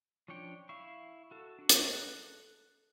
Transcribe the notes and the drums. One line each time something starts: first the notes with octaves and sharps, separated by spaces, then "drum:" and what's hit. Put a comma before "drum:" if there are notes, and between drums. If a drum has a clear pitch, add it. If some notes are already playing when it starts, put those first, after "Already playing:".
F3 C#4 D4 C#5 G5
E4 F5 C#6
F#4 A4
D4 F#4
drum: hi-hat
A4 F#6